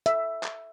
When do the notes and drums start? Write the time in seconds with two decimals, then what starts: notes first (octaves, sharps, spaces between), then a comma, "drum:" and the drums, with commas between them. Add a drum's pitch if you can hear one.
0.06 E5, drum: hi-hat
0.43 drum: clap